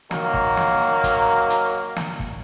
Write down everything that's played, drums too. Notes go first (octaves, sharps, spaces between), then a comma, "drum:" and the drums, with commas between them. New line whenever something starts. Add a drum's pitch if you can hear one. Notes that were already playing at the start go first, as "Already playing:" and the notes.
D#3 F#3 A#3, drum: snare
drum: kick
drum: snare
drum: kick, hi-hat
drum: hi-hat
drum: snare
drum: kick